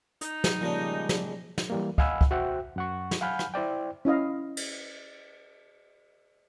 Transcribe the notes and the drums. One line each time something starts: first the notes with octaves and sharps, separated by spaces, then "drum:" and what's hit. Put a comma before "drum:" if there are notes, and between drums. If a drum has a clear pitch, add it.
D#4, drum: hi-hat
drum: snare
A#2 C#3 F3 G3 G#3 D4 A#6
drum: snare
drum: snare
E3 G3 A#3
D#5 F5 F#5 G#5 B5 E6, drum: kick
drum: kick
F#4 C5 E5 F#5 G5
F#2 F#5 C#6
drum: snare
F5 F#5 G#5 B5 F6 G6
drum: rim click
E4 C5 D5 G5
C#4 E4 D#5 F5
drum: cymbal